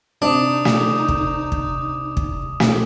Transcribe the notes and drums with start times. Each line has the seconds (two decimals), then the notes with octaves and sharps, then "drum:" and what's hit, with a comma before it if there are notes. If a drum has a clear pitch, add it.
0.22 C3 D4 D#4 D6 D#6
0.65 drum: snare
1.08 drum: kick
1.52 drum: kick
2.17 drum: kick
2.60 drum: snare